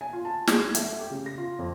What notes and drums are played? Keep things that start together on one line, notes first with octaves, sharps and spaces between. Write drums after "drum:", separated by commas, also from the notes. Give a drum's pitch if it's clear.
G#5
F4
A5
G#3, drum: snare
G#6
A3, drum: hi-hat
G4
C#3
A#6
F4
F2